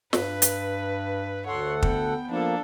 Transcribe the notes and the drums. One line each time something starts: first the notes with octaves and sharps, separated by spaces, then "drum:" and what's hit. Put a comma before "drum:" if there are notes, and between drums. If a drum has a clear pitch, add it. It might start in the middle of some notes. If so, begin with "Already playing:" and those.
G2 B4, drum: snare
drum: hi-hat
D2 A4 C#5 F#5 C6
B3 G5, drum: kick
F3 A#3 D4 A4